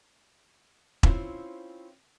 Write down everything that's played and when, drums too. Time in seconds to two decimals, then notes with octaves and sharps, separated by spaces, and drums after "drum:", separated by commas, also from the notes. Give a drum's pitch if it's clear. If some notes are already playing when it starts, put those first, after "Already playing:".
1.03 C4 C#4 E4 F4 A#4 C5, drum: kick E1